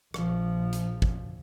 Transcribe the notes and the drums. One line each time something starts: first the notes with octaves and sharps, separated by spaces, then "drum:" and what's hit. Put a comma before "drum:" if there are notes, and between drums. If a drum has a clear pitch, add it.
A#1 F3, drum: rim click
drum: hi-hat
drum: kick